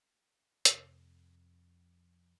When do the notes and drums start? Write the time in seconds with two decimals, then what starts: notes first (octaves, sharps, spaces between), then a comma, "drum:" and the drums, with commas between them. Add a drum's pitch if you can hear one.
0.65 F2 C3, drum: hi-hat